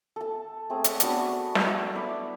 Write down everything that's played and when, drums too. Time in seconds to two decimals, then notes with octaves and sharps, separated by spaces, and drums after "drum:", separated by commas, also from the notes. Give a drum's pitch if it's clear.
0.16 A4 A5
0.70 A3 C4 G#4
0.84 drum: hi-hat
1.00 B3 D4 F#4 B4, drum: hi-hat
1.55 drum: snare
1.94 E4 B4 D5